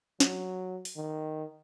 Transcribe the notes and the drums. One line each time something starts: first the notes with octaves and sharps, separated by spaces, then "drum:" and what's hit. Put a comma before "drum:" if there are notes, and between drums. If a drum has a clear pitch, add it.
F#3, drum: snare
drum: open hi-hat
D#3